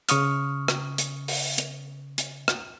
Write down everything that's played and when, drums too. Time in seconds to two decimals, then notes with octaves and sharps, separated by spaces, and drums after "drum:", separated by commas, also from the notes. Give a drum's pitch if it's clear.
0.09 C#3 C#6 D#6 F6, drum: hi-hat
0.68 drum: rim click
0.98 drum: hi-hat
1.28 drum: open hi-hat
1.58 drum: hi-hat
2.18 drum: hi-hat
2.48 drum: rim click